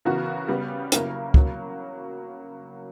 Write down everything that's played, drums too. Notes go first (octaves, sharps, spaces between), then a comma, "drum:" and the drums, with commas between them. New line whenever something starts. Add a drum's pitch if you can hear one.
C#3 E3 B3 F#4 A#4
C#3 G3 B3
C#3 F#3 A#3 E4 A#4, drum: hi-hat
C#3 F#3 A#3, drum: kick